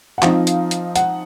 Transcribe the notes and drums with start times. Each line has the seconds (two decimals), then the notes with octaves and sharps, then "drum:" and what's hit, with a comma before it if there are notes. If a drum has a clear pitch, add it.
0.18 F#5
0.22 F3 C4 D#4 F5, drum: clap
0.47 drum: hi-hat
0.71 drum: hi-hat
0.96 F#5, drum: hi-hat